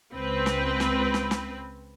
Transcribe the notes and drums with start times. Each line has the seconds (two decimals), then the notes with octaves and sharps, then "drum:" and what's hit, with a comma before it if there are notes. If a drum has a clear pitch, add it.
0.12 C#2 C4 B4
0.46 drum: snare
0.80 drum: snare
1.14 drum: snare
1.31 drum: snare